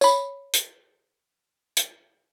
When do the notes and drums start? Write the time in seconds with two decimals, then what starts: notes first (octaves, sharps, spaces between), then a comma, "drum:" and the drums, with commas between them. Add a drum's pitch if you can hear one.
0.01 C#5 B5, drum: tambourine
0.54 drum: hi-hat
1.77 drum: hi-hat